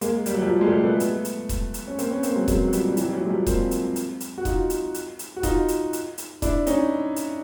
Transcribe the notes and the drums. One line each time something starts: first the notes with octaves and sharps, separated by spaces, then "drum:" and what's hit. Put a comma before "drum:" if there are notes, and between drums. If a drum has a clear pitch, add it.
G#3 A#3, drum: hi-hat
G3, drum: hi-hat
F#3
F3 G3
G#3
G3 A3
A3 B3
drum: hi-hat
drum: hi-hat
drum: kick E1, hi-hat
drum: hi-hat
C#4
A#3 C4, drum: hi-hat
B3 C#4
A#3 C4, drum: hi-hat
F#3 G#3
F#3 G#3, drum: kick E1, hi-hat
F#3
F3 G3, drum: hi-hat
G3
E3 F#3, drum: hi-hat
G3
E3 F#3
G#3
F3 G3
A#3 C4, drum: kick E1, hi-hat
drum: hi-hat
drum: hi-hat
drum: hi-hat
F#4
D#4 F4, drum: kick E1, hi-hat
drum: hi-hat
drum: hi-hat
drum: hi-hat
F#4
D#4 F4, drum: kick E1, hi-hat
drum: hi-hat
drum: hi-hat
drum: hi-hat
D4 E4, drum: kick E1, hi-hat
C#4 D#4, drum: hi-hat
drum: hi-hat